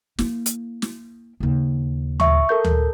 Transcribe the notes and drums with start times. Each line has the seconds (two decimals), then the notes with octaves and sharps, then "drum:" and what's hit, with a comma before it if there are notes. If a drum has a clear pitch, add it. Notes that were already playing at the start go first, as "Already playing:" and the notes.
0.19 A#3 E4, drum: snare
0.46 drum: hi-hat
0.82 drum: snare
1.40 D#2 C#3
2.20 E5 C#6, drum: tom D2
2.49 A4 A#4 G6
2.65 drum: tom D2